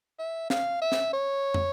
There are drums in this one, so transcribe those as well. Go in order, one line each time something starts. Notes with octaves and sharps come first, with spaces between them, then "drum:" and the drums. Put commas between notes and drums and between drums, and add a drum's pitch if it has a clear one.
E5
F5, drum: snare
E5
drum: snare
C#5
drum: tom